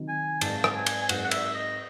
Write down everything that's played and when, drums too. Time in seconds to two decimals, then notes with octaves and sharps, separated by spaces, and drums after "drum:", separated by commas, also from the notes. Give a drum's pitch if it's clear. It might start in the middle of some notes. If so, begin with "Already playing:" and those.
Already playing: C3 D#3 F#3
0.09 G#5
0.41 G#2 F#3 C4 A5, drum: cymbal
0.64 drum: rim click
0.75 G#5
0.86 drum: cymbal
1.02 G#5
1.09 G#2 F#3 C4 F#5, drum: cymbal
1.25 F#5
1.31 E5, drum: cymbal
1.54 D#5